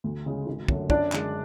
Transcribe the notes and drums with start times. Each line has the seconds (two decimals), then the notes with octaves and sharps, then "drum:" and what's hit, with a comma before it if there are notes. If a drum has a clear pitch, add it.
0.04 D2
0.26 C#3 G#3
0.47 G#1
0.68 F#2 D3 F#3 A3, drum: kick
0.90 F#2 D4 D5, drum: kick
1.12 D3 G#3, drum: clap